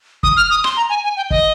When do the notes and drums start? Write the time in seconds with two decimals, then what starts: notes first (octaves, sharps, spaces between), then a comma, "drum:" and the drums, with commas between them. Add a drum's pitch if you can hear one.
0.23 D#6, drum: kick
0.37 F6
0.50 D#6
0.64 C6, drum: rim click
0.77 A#5
0.90 G#5
1.04 G#5
1.17 G5
1.31 D#5, drum: kick